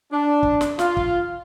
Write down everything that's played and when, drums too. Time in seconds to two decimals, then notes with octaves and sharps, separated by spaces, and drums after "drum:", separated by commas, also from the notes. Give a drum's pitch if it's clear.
0.13 D4
0.43 drum: kick
0.61 drum: snare
0.79 F4, drum: snare
0.97 drum: kick